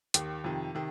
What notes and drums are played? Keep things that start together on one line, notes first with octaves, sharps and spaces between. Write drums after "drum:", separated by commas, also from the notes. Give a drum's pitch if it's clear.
D#2 D#3 G4, drum: hi-hat
F2 C3 D#3
C3 D#3